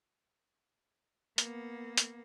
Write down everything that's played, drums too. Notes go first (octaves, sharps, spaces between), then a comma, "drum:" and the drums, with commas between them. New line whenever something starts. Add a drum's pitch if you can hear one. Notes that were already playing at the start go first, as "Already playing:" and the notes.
A#3 B3, drum: hi-hat
drum: hi-hat